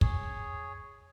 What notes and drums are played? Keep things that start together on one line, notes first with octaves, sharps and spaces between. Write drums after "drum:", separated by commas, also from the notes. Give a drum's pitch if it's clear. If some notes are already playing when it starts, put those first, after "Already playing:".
G#4 C#5, drum: kick